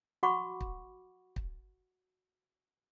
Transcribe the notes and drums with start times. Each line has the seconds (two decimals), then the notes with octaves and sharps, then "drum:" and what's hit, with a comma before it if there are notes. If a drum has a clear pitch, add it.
0.23 F#4 F#5 B5 C#6 D6
0.61 drum: kick
1.36 drum: kick